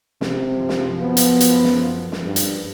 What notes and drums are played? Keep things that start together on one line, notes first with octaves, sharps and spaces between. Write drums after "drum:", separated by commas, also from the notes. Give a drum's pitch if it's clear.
C3, drum: snare
F#2 F3
drum: snare
B3
drum: hi-hat
drum: hi-hat
drum: snare
drum: snare
G2
drum: hi-hat